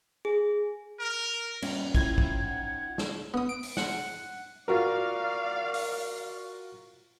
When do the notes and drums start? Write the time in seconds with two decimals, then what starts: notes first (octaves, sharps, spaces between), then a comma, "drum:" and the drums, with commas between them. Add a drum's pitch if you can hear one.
0.25 G#4
1.00 A#4
1.62 D#2 A#2 G3 B3 C#4, drum: cymbal
1.95 D#3 E4 F4 C5 G#6, drum: kick
2.18 drum: kick
2.44 F#5
2.98 drum: snare
3.34 B3 D#6
3.49 D7
3.63 drum: open hi-hat
3.77 F#5, drum: snare
4.68 F4 F#4 A#4 D5 F5
5.74 drum: open hi-hat